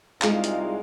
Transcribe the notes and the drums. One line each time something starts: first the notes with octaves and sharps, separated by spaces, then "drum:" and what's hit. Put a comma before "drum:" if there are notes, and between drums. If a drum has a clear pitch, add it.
C2 G#3 D#4 F4 F5, drum: clap
drum: hi-hat